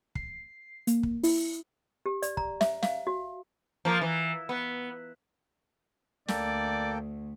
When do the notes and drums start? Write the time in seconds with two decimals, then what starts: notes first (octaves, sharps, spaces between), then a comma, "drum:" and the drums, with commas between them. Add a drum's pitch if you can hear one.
0.15 C7, drum: kick
0.87 A#3, drum: hi-hat
1.03 drum: kick
1.23 E4, drum: open hi-hat
2.06 G4
2.22 D5, drum: hi-hat
2.37 A#5, drum: kick
2.61 E5, drum: snare
2.83 F5, drum: snare
3.07 F#4
3.85 F3 A#3
4.01 E3
4.49 B3
6.28 D2 A#3 A4 D5 G5, drum: snare